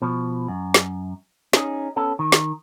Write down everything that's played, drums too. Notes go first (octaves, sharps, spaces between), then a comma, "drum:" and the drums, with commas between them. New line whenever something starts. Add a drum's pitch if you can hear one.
B2 F3
F#2
drum: snare
C#4 D#4 G#4, drum: snare
B3 C#4 A4
D#3
drum: snare